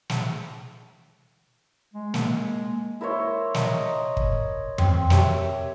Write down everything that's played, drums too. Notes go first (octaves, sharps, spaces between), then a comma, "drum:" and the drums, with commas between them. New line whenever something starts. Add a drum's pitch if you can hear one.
drum: snare
G#3
A#3, drum: snare
E4 A#4 C5 C#5
D#5 A#5, drum: snare
drum: kick
C4, drum: tom F2
G4 C#5 E5, drum: snare